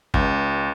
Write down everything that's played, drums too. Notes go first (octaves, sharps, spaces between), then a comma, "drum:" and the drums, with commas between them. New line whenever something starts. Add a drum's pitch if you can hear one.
C#2, drum: kick